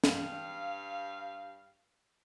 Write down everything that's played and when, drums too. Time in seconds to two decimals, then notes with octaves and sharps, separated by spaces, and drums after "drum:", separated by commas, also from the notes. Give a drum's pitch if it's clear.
0.04 G2 F5, drum: snare